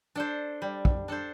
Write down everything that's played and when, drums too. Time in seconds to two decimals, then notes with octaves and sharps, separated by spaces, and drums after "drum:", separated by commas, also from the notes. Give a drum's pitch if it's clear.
0.16 D4 A4 C5
0.62 G3
0.85 drum: kick
1.08 D4 A4 C5